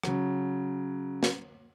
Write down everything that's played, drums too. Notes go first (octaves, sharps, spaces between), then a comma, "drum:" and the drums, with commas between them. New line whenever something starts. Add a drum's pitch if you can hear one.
C#3 F#3, drum: rim click
drum: snare